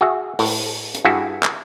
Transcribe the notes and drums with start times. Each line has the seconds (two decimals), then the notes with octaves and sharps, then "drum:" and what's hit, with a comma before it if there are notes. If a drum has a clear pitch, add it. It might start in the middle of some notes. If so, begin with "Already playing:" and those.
0.01 F#4 G#4 E5
0.39 A2, drum: open hi-hat
0.95 drum: hi-hat
1.04 G2 E4 F#4 G#4 E5
1.43 drum: clap